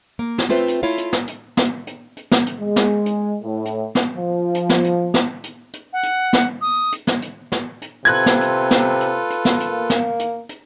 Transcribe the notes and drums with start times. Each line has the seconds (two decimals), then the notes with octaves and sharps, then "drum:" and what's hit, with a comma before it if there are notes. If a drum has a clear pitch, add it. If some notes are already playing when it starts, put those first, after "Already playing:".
0.19 A#3
0.38 drum: snare
0.49 A3 C4 F4 B4 C5 E5
0.68 drum: hi-hat
0.83 A3 E4 F4 C#5 F5
0.98 drum: hi-hat
1.13 drum: snare
1.27 drum: hi-hat
1.57 drum: snare
1.87 drum: hi-hat
2.17 drum: hi-hat
2.32 drum: snare
2.46 drum: hi-hat
2.59 G#3
2.76 drum: snare
3.06 drum: hi-hat
3.43 A2
3.65 drum: hi-hat
3.95 drum: snare
4.16 F3
4.54 drum: hi-hat
4.69 drum: snare
4.84 drum: hi-hat
5.14 drum: snare
5.44 drum: hi-hat
5.73 drum: hi-hat
5.93 F#5
6.03 drum: hi-hat
6.33 drum: snare
6.61 D#6
6.92 drum: hi-hat
7.07 drum: snare
7.22 drum: hi-hat
7.52 drum: snare
7.82 drum: hi-hat
8.05 C3 F4 A4 B4 F#6 G#6
8.26 drum: snare
8.41 drum: hi-hat
8.71 drum: snare
9.00 drum: hi-hat
9.30 drum: hi-hat
9.45 drum: snare
9.60 drum: hi-hat
9.69 A#3
9.90 drum: snare
10.19 drum: hi-hat
10.49 drum: hi-hat